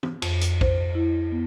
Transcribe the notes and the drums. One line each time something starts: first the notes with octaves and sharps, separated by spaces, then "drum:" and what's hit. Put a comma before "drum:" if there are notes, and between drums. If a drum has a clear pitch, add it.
drum: tom
F2, drum: cymbal
drum: hi-hat
C5, drum: kick A#1
E4
B3